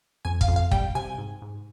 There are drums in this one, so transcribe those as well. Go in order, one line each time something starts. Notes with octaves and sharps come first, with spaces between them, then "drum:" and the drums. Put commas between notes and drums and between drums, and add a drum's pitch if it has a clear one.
F2 G#5
F5, drum: kick
F2
F5
G3 G5, drum: kick
C3 G#5
G#2
G#2